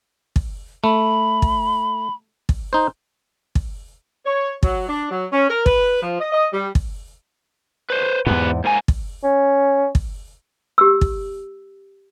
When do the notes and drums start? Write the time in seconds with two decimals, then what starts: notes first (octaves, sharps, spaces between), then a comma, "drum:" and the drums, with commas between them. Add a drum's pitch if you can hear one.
0.36 drum: kick
0.84 A3 B5
1.42 drum: kick
2.49 drum: kick
2.73 D#4 C5
3.55 drum: kick
4.26 C#5
4.63 F#3, drum: kick
4.89 D4
5.11 F#3
5.32 C#4
5.50 A#4
5.66 B4, drum: kick
6.02 F3
6.20 D#5
6.33 D#5
6.53 G3
6.75 drum: kick
7.90 B4 C5
8.26 E2 G#2 B3 G4 B4
8.64 G#2 A#3 G#5
8.88 drum: kick
9.24 C#4
9.95 drum: kick
10.78 G4 E6
11.01 drum: kick